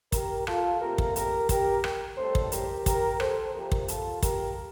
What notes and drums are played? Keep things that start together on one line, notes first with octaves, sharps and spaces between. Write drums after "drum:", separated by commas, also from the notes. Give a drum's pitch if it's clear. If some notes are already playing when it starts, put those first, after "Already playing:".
G4 A#4, drum: kick, hi-hat
F4 A4, drum: rim click
A#2 A3 C4 G4 A#4
drum: kick
G4 A#4, drum: hi-hat
G4 A#4, drum: kick, hi-hat
drum: rim click
A2 G3 C4 A4 C5
drum: kick
G4 A#4, drum: hi-hat
G4 A#4, drum: kick, hi-hat
A4 C5, drum: rim click
C3 F3 A#3 G4 A#4
drum: kick
F4 A4, drum: hi-hat
G4 A#4, drum: kick, hi-hat